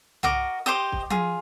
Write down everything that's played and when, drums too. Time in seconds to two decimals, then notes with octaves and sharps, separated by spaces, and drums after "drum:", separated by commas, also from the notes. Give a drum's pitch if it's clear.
0.23 F#4 A#4 D#5 D6, drum: tom
0.66 G4 C5 D#5 D#6
0.92 drum: kick
1.10 F4 G#4, drum: tom F3